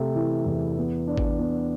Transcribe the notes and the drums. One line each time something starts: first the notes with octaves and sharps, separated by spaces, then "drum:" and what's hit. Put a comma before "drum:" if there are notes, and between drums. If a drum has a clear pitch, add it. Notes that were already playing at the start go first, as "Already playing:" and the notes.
Already playing: C3 A3
E3
E2
B3
D4
drum: kick G#1
B3